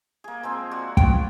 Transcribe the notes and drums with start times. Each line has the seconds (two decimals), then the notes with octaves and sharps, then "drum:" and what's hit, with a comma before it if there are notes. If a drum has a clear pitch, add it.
0.24 A#3 G#4
0.43 F3 G#3 C4
0.71 F#4 D5
0.97 B3 F4 G5, drum: kick